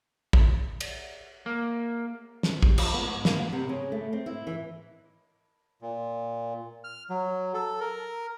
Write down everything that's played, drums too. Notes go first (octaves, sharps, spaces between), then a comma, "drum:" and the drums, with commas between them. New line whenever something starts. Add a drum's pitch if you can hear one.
drum: kick
drum: cymbal
A#3
drum: snare
G3, drum: kick
F3, drum: cymbal
B3
G#2
A#3, drum: snare
B3
C3
C#3
A3
C4
E4
E3
A#2
F6
F#3
A4
A#4